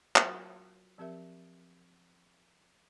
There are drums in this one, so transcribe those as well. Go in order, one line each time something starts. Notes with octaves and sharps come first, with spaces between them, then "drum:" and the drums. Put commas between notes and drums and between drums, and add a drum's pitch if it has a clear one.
F#3 F4 F#4 A#4 C#5 F5, drum: clap
F3 C4 G4 A#4 E5